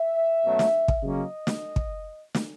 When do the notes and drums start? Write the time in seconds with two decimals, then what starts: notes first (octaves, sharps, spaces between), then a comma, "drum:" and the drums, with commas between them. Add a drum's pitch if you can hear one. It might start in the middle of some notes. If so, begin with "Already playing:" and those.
Already playing: E5
0.44 B2 F#3 A3 C#4
0.59 drum: snare
0.88 drum: kick
1.03 C#3 F#3 A#3 C#4 D#5
1.47 drum: snare
1.76 drum: kick
2.35 drum: snare